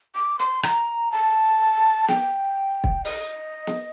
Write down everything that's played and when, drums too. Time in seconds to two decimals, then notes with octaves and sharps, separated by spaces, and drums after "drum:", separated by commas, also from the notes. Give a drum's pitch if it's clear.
0.15 D6
0.39 C6, drum: hi-hat
0.63 A#5, drum: rim click
1.12 A5
2.08 G5, drum: snare
2.84 drum: kick
3.05 D#5, drum: open hi-hat
3.67 drum: snare